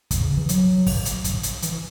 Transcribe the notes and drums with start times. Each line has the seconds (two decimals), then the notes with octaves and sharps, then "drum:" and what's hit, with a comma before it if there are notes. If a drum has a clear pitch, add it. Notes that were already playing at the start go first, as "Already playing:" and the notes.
0.11 E2, drum: kick, hi-hat
0.23 C#3
0.37 E3
0.49 F#3, drum: hi-hat
0.86 drum: kick, open hi-hat
1.05 drum: hi-hat
1.24 drum: kick, hi-hat
1.43 drum: hi-hat
1.62 E3, drum: hi-hat